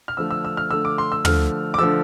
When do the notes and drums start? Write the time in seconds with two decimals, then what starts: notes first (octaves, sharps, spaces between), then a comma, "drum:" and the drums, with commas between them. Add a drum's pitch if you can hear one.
0.08 F6
0.17 D3 F3 A3 E6
0.31 E6
0.45 E6
0.57 F6
0.71 D3 F3 A3 E6
0.85 D6
0.98 C6
1.12 E6
1.25 D3 F3 A3 F6, drum: tom
1.74 D6
1.78 D3 F3 A3 E6